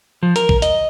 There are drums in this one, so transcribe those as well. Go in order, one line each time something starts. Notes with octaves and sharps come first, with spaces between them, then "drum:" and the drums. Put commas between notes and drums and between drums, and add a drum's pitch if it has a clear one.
F3
A#4, drum: hi-hat
drum: kick A#1
D#5, drum: hi-hat